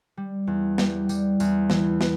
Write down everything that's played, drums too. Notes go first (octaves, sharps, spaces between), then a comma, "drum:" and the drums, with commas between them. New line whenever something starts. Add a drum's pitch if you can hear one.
G3
E2
G3, drum: snare
G3, drum: tambourine
E2, drum: tambourine
E3, drum: snare
B4, drum: snare